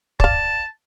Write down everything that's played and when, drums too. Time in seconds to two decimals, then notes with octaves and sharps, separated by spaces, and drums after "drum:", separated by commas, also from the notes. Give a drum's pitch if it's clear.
0.20 D5 F5 A5, drum: kick